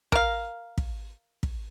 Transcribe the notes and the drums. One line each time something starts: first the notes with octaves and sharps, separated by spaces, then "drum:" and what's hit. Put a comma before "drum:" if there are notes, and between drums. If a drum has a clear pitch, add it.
A#4 F5, drum: kick
drum: kick
drum: kick